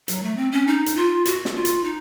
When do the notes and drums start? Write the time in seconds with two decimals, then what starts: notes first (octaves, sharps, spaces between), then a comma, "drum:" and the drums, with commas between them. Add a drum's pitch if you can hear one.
0.08 F#3, drum: hi-hat
0.23 A3
0.37 C4
0.52 C#4
0.67 D#4
0.86 drum: hi-hat
0.96 F4
1.25 F#4, drum: hi-hat
1.45 drum: snare
1.56 F4
1.65 drum: hi-hat
1.84 D#4